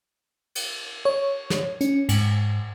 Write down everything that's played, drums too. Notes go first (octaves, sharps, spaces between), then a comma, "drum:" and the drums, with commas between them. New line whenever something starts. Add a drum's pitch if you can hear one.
drum: cymbal
C#5
drum: snare
C#4, drum: hi-hat
G#2, drum: cymbal